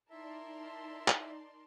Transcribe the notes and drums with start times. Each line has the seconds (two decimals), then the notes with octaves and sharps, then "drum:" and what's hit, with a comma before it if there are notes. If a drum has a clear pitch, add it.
0.10 D#4 E4 A#4 D5 E5 A5 C6
1.08 drum: clap